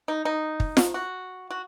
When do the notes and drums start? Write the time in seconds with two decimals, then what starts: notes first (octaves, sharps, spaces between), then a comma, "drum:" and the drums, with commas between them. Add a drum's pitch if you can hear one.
0.08 D#4
0.25 D#4
0.60 drum: kick
0.77 drum: snare F4
0.94 F#4
1.50 F#4